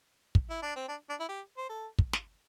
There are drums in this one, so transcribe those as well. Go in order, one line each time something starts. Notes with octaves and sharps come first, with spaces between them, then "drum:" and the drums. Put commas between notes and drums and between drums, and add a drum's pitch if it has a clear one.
drum: kick
E4
D4
C4
D4
D4
E4
G4
C5
A4
drum: kick
drum: snare